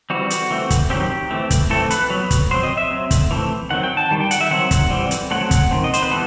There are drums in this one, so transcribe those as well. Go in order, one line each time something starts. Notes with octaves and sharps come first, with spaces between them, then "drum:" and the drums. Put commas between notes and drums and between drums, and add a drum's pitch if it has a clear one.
E3 G3 C4 F#4
drum: hi-hat
E3 A3 C4
drum: kick, hi-hat
D#3 F#3 C4 G4
E3 A3 C4
drum: kick, hi-hat
E3 A3 C4 A4
B4, drum: hi-hat
F#3 B3
drum: kick, hi-hat
F#3 C4 C5
D#5
E5
F#3 C4
drum: kick, hi-hat
E3 A3 C4
D#3 F#3 C4 F#5
G5
A5
D#3 G3
G5
F#5, drum: hi-hat
E5
D#3 F#3 C4 F#5
drum: kick, hi-hat
E3 G3 C4
drum: hi-hat
F#3 A3 C4 F#5
drum: kick, hi-hat
D#3 A3 C4
D#5
C5, drum: hi-hat
B4
E3 G3 B3 A4